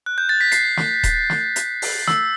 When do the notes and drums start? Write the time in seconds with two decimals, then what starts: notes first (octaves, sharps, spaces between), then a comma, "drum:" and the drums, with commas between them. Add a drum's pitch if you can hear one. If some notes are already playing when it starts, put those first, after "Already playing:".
0.06 F#6
0.18 G6
0.29 A6
0.41 B6
0.52 C7, drum: hi-hat
0.77 drum: snare
1.04 drum: kick D#1, hi-hat
1.30 drum: snare
1.56 drum: hi-hat
1.82 drum: open hi-hat
2.08 E6, drum: snare